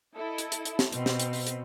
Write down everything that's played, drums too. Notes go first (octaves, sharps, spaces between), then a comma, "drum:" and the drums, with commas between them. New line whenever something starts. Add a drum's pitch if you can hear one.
E4 A4 D#5
drum: hi-hat
drum: hi-hat
drum: hi-hat
drum: snare
B2 C4, drum: hi-hat
drum: snare
drum: hi-hat
drum: open hi-hat
drum: hi-hat